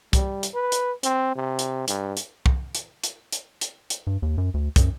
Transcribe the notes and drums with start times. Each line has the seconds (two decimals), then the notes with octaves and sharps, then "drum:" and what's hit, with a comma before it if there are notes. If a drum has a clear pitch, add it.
0.13 G3, drum: kick, hi-hat
0.43 drum: hi-hat
0.54 B4
0.72 drum: hi-hat
1.03 C4, drum: hi-hat
1.36 C3
1.59 drum: hi-hat
1.88 G2, drum: hi-hat
2.17 drum: hi-hat
2.46 drum: kick
2.75 drum: hi-hat
3.04 drum: hi-hat
3.32 drum: hi-hat
3.61 drum: hi-hat
3.90 drum: hi-hat
4.07 G2
4.22 D#2
4.38 F#2
4.54 D2
4.76 F#2, drum: kick, hi-hat